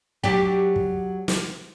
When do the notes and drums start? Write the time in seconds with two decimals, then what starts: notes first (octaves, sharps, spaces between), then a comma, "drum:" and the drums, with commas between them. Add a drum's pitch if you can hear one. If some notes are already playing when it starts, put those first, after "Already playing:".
0.24 F#3 D4 G4, drum: kick
0.76 drum: kick
1.28 drum: snare